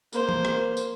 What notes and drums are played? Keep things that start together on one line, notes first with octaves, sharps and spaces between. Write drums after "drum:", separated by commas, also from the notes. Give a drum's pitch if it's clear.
A#3 C5, drum: tambourine
drum: tom E3
drum: rim click
drum: tambourine